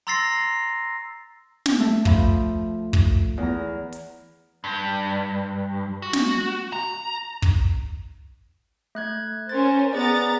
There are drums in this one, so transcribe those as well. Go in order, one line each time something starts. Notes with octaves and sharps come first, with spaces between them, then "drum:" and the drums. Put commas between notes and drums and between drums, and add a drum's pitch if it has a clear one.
A#5 C6 E6 A6 A#6 C7
drum: snare
A3 A4
F3 B5, drum: kick
drum: kick
E2 A#5
drum: hi-hat
G2
F#4
drum: snare
A#5
drum: kick
A3 F#6 G#6
C#4 A#4 C5 A6
B3 G#4 B4 D5 A#5 A6